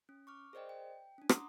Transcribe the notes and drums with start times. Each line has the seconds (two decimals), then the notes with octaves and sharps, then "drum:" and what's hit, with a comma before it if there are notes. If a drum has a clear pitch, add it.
0.09 C#4
0.27 C#6 D6 F6
0.53 G#4 A#4 C5 D5 D#5 G5
0.69 G5
1.18 C#4 D4
1.29 F#5 A#5 C6 D6 D#6, drum: rim click